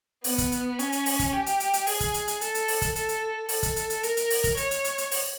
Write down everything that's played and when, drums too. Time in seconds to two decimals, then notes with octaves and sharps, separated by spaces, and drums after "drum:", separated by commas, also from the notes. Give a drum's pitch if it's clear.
0.24 B3, drum: open hi-hat
0.38 drum: kick, hi-hat
0.52 drum: hi-hat
0.79 C#4, drum: hi-hat
0.92 drum: hi-hat
1.06 drum: open hi-hat
1.19 drum: kick, hi-hat
1.33 G4
1.46 drum: hi-hat
1.60 drum: hi-hat
1.73 drum: hi-hat
1.87 G#4, drum: open hi-hat
2.00 drum: kick, hi-hat
2.14 drum: hi-hat
2.28 drum: hi-hat
2.41 A4, drum: hi-hat
2.55 drum: hi-hat
2.68 drum: open hi-hat
2.82 drum: kick, hi-hat
2.95 A4, drum: hi-hat
3.09 drum: hi-hat
3.49 A4, drum: open hi-hat
3.63 drum: kick, hi-hat
3.76 drum: hi-hat
3.90 drum: hi-hat
4.03 A#4, drum: hi-hat
4.17 drum: hi-hat
4.30 drum: open hi-hat
4.44 drum: kick, hi-hat
4.57 C#5, drum: hi-hat
4.71 drum: hi-hat
4.84 drum: hi-hat
4.98 drum: hi-hat
5.11 drum: open hi-hat